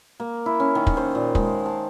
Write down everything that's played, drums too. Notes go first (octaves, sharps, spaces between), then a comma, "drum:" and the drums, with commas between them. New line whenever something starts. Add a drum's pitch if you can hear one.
A#3
E4
C#4
D#3
drum: kick
C5
A#2
G#3, drum: kick
A5